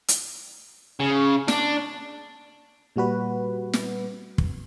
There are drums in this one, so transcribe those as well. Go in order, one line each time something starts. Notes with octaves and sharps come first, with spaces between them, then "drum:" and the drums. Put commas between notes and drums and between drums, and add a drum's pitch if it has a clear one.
drum: hi-hat
C#3
D4, drum: snare
A#2 G3 F#4 B4
drum: snare
drum: kick